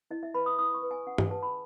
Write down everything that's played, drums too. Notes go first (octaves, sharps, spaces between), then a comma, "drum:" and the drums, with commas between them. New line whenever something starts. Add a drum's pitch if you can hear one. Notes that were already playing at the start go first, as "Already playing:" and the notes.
E4 D#5
E5
B4 B5
D#6
E4 D#6
C#6
B4
G#5
C#4 F#5
G#5, drum: tom
G#4 B4 A5
B5